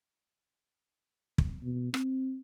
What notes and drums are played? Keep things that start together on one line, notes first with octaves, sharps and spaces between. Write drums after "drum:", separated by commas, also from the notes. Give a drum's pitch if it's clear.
drum: kick
B2
C4, drum: rim click